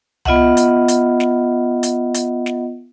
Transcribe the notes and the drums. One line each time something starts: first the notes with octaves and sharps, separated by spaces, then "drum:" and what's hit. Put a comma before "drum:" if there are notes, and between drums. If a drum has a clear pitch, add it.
B3 F4 D#5 E5 F#5, drum: tom C2
drum: hi-hat
drum: hi-hat
drum: snare
drum: hi-hat
drum: hi-hat
drum: snare